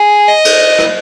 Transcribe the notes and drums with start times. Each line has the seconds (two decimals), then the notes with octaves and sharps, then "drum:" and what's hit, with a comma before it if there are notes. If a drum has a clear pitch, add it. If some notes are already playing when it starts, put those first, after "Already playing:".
Already playing: G#4
0.28 D#5
0.45 drum: cymbal
0.78 drum: rim click